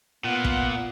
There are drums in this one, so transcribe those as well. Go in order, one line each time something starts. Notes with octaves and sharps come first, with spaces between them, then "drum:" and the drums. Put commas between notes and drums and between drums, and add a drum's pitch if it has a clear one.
A#2 B3 F#5
drum: kick